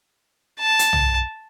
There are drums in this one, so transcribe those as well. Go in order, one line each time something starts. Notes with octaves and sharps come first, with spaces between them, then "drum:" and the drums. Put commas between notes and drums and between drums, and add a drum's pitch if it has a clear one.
A5
drum: hi-hat
drum: tom